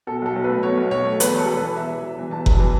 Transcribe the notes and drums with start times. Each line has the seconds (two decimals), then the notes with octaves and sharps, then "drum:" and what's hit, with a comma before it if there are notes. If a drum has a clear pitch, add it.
0.07 B2 A4
0.22 B1 A4
0.36 B1
0.44 A3 B4
0.63 B2 C#5
0.78 B1
0.91 B1 C#5
1.05 A3
1.20 E2 B4, drum: hi-hat
1.33 E1
1.39 A4
1.48 E1
1.57 E3 B4
1.76 E2 E5
1.90 E1
2.04 E1
2.19 E3
2.31 E2 A5
2.46 E1, drum: kick F#1
2.60 E3